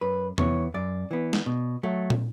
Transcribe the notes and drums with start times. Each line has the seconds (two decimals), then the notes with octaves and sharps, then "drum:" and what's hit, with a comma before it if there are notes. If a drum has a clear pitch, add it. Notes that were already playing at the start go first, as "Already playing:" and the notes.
0.01 F#2 B4
0.38 E3 B3 C#5, drum: tom E2
0.74 F#2 D5
1.11 E3 B3
1.33 drum: snare
1.46 B2
1.83 F#3 A3
2.10 drum: tom